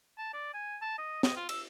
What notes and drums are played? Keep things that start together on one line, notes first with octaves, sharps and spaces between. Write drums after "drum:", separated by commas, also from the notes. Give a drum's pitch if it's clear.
A5
D5
G#5
A5
D#5
D#5, drum: snare
F4
E6, drum: cymbal